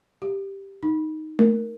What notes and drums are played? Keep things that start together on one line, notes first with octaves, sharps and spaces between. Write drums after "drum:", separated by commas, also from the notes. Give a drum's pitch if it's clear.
G4
D#4
A#4, drum: tom A3